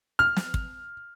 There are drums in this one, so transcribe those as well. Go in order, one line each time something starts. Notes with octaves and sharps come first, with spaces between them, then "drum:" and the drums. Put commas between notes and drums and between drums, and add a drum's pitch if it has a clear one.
F6
drum: snare
drum: kick